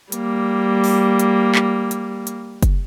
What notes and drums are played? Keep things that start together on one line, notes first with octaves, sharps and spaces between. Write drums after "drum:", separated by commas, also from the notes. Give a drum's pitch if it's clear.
G3 A#3, drum: hi-hat
drum: open hi-hat
drum: hi-hat
drum: clap
drum: hi-hat
drum: hi-hat
drum: kick F#1, hi-hat